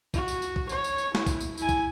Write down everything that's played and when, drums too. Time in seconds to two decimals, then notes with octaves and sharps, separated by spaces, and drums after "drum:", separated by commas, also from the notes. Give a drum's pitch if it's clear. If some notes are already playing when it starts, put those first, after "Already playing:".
0.14 F#4, drum: kick, tambourine
0.28 drum: tambourine
0.42 drum: tambourine
0.56 drum: kick
0.69 C#5, drum: tambourine
0.84 drum: tambourine
0.98 drum: tambourine
1.15 E4, drum: snare
1.26 drum: kick, tambourine
1.41 drum: tambourine
1.58 E4 G#5, drum: tambourine
1.69 drum: kick, tambourine